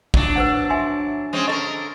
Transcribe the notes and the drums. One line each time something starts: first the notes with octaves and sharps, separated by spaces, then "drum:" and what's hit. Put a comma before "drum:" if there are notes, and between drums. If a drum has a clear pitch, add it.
F#3 D4, drum: kick G#1
B4 C5 F#5
E5 G#5 C6
G#3 C4 C#4
D3 A4 A#4 D#5 C#6